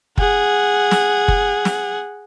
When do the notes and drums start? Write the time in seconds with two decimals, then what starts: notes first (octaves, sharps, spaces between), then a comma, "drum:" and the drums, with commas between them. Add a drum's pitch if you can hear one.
0.18 G#4 F#5, drum: kick F#1
0.91 drum: snare
1.28 drum: kick F#1
1.65 drum: snare